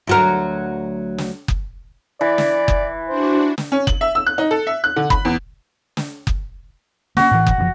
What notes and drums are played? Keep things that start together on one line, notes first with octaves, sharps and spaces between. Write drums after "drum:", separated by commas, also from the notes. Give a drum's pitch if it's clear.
D2 F#3 A#4
drum: snare
drum: kick F#1
E3 D5
drum: snare
drum: kick F#1
D4 F#4 C5
drum: snare
C#4
F#7, drum: kick F#1
E5
E6
F#6
D#4
A4
E5
F#6
D3
B5, drum: kick F#1
E2
drum: snare
drum: kick F#1
A#3 C#4 F#4, drum: snare
A2 E3
drum: kick F#1
F#1 C3 F3